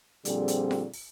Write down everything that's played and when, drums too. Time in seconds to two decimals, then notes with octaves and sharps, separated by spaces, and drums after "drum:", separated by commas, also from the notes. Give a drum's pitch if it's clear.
0.25 A#2 D3 F3 G3 C4 G#4, drum: hi-hat
0.48 drum: hi-hat
0.71 drum: snare F4
0.94 drum: open hi-hat